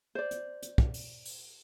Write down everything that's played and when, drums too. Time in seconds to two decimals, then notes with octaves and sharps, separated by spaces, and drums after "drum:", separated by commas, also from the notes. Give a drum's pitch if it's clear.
0.15 C5 D5
0.31 drum: hi-hat
0.62 drum: hi-hat
0.78 drum: kick
0.94 drum: open hi-hat
1.25 drum: open hi-hat